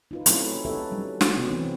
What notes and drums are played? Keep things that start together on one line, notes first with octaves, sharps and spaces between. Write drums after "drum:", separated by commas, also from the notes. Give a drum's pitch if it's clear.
D#4 F4 B4
F#3 A3 C4 C#4 D#4 E4, drum: hi-hat
D#4 G4 A4 B4 C#5 E5
F#3 G3 C#4
drum: snare
C3 B3 C#4 F#4
E3 C4 C#4